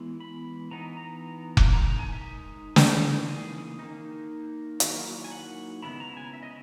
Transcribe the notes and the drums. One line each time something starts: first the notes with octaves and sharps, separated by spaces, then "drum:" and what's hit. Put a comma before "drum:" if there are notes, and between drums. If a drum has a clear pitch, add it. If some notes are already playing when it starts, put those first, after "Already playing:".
Already playing: E3 G#3 B3 E4
B5
E3 B3 D#4 A#5
A#5
drum: kick F1
D#3 G#3 D#4 A#5
A#5
G#5
E5
C#3 E3 A#3 D#4, drum: snare
G#4
D#3 A#3 D#4
D#3 F#3 A#3 E4 A#4, drum: hi-hat
G#5
F#5
C#3 G#3 B3 E4 B5
A#5
G#5
E5
D#5